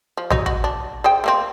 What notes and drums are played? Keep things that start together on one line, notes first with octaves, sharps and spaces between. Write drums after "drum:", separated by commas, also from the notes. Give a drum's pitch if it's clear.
F3
F#3 D#4, drum: tom A#1
F#4, drum: kick
D4
G#4 C5 G5
A3 A#3 C4